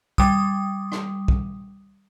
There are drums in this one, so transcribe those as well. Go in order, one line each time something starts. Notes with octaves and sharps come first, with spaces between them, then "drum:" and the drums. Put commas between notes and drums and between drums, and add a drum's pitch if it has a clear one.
G3 D#6, drum: kick
drum: rim click
drum: kick